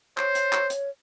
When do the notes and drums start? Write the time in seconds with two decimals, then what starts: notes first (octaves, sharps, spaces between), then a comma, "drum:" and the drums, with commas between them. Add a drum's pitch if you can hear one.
0.18 C5 C#5, drum: clap
0.35 drum: hi-hat
0.53 drum: clap
0.70 drum: hi-hat